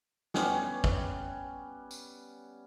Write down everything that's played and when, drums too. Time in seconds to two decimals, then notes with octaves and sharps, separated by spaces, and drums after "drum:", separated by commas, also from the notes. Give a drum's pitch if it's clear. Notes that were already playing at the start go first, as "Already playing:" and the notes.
0.34 G3 B3 C#4, drum: snare
0.84 drum: kick
1.91 drum: tambourine